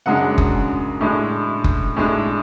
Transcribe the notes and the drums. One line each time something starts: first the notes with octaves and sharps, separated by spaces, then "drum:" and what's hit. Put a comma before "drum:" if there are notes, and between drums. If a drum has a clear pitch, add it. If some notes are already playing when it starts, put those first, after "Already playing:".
F#2 C#3 G#3 D4 F#5
drum: kick F#1
A2 G#3 D4
drum: kick F#1
A2 G#3 D4